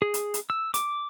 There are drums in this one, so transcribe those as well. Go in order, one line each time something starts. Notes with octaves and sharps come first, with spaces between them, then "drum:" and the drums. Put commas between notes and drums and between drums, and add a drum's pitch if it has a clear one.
G#4
drum: hi-hat
drum: hi-hat
E6
D6, drum: hi-hat